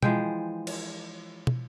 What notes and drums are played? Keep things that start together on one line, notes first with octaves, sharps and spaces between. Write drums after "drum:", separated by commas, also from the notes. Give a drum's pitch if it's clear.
E3 F3 G#3 G5, drum: tom B2
drum: cymbal
drum: tom